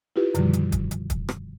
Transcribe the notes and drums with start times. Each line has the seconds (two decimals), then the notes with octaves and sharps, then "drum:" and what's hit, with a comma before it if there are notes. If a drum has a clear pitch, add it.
0.16 E4 F4 G4 B4
0.35 F#2 B2 D3 D#3 F3 G3, drum: hi-hat
0.53 drum: hi-hat
0.72 drum: kick, hi-hat
0.91 drum: hi-hat
1.10 drum: kick, hi-hat
1.29 drum: rim click